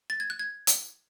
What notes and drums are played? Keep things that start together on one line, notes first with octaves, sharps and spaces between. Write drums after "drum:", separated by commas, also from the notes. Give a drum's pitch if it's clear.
A6
G#6
F#6
G#6
drum: hi-hat